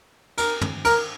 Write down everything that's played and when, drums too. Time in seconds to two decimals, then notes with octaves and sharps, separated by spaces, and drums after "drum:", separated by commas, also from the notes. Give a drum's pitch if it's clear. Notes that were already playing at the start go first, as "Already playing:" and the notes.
0.38 A#4, drum: cymbal
0.61 drum: tom
0.85 A#4, drum: cymbal